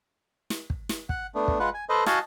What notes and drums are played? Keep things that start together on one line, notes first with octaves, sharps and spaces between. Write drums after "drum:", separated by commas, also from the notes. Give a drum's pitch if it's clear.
drum: snare
drum: kick
drum: snare
F#5, drum: kick
A3 B3 D4
drum: kick
G#3 F4 B4 F#5
G#5
A4 B4 C5 D#5
F#4 D#5 F5 F#5 G#5 A5, drum: snare